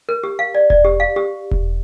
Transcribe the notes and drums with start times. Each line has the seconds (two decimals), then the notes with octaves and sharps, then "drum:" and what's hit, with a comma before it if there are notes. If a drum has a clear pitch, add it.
0.09 A#4
0.24 G4
0.39 F5
0.55 D5
0.70 D5, drum: kick E1
0.85 G4
1.00 F5
1.16 G4
1.51 drum: kick E1